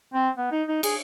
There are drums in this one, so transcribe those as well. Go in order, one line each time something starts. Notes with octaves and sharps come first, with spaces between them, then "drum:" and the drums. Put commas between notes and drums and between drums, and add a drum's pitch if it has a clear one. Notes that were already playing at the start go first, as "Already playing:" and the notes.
C4
B3
D#4
D#4
G#4, drum: cymbal